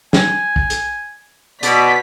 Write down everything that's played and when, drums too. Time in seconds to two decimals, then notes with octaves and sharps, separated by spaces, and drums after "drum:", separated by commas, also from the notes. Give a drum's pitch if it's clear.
0.13 G#5, drum: snare
0.56 drum: kick
0.70 drum: hi-hat
1.63 B2 B3 D5 B6, drum: hi-hat